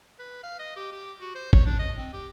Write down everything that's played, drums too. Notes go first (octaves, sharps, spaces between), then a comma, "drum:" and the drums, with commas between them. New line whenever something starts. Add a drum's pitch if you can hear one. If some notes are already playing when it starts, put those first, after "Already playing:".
B4
F5
D#5
G4
G4
F#4
C5
C#5, drum: kick G#1
D4
D#5
C4
G4